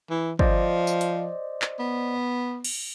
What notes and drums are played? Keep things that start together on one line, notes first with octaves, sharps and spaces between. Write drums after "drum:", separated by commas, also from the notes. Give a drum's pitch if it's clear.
E3
F3 C5 D5 D#5, drum: kick
drum: tambourine
drum: hi-hat
drum: clap
B3
drum: cymbal